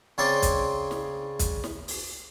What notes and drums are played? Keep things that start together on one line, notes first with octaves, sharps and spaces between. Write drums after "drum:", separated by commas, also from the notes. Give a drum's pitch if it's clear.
C#3 C4 C#5 D5 C6
drum: kick B1, hi-hat
drum: snare
drum: kick B1, hi-hat
drum: snare
drum: open hi-hat